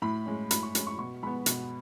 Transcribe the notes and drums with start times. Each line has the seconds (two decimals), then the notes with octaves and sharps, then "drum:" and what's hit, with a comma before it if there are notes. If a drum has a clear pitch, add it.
0.02 A2 B5
0.26 G#3 C#4
0.51 A2 B5, drum: hi-hat
0.63 C#6
0.75 G#3 C#4, drum: hi-hat
0.87 C#6
0.98 B2 C#6
1.23 G#3 B3 B5
1.46 B2, drum: hi-hat